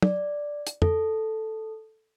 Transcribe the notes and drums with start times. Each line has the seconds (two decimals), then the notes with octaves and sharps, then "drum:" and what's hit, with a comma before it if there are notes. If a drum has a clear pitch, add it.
0.02 D5, drum: tom
0.67 drum: hi-hat
0.82 A4, drum: tom F2